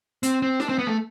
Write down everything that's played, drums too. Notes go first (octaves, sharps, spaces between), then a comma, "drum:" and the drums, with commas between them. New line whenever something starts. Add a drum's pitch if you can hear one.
C4, drum: hi-hat
C4
D4, drum: snare D#4
C4
B3
A3